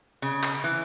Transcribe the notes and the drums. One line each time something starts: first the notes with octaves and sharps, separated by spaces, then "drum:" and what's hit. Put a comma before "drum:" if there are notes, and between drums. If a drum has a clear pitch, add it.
C#3
drum: clap
E3